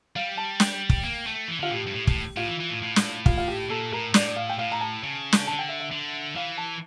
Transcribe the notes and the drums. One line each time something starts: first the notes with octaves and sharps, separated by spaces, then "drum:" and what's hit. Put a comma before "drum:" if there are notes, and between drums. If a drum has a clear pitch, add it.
G3 F5
A5
G5, drum: snare
drum: kick
A#3
A3
E3
D3 F4
A2 G4
G2
A2
A2, drum: kick
A2 F4
E3
E3
A2
A2
drum: snare
F4, drum: kick
F4
G4
A#2 A4
A2 A#4
A2 D5, drum: snare
F5
G5
A2 F5
A#5
A5
C#3
drum: snare
D3 A5
G5
E5
E5
D3
E3 F5
A5